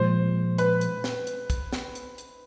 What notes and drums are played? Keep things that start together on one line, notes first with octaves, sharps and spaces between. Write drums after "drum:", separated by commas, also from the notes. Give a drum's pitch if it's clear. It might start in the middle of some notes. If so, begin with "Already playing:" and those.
Already playing: A#2 F3 G#3 C5
B4, drum: hi-hat
drum: hi-hat
drum: snare
drum: hi-hat
drum: kick, hi-hat
drum: snare
drum: hi-hat
drum: hi-hat